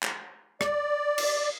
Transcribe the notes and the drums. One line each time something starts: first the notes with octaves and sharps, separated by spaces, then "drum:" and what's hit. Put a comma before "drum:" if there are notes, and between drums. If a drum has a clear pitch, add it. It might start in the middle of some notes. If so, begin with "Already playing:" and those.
drum: clap
D5, drum: rim click
drum: cymbal